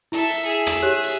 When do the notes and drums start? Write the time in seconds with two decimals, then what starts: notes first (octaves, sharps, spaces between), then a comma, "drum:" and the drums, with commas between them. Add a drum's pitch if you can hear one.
0.12 E4 A4 E5
0.30 drum: hi-hat
0.45 G#4 E5
0.67 drum: rim click
0.82 G4 C#5 F#6
1.03 drum: hi-hat